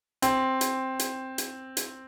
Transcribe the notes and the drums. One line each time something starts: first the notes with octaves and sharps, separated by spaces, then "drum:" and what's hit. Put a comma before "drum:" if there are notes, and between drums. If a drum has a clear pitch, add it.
C4, drum: hi-hat
drum: hi-hat
drum: hi-hat
drum: hi-hat
drum: hi-hat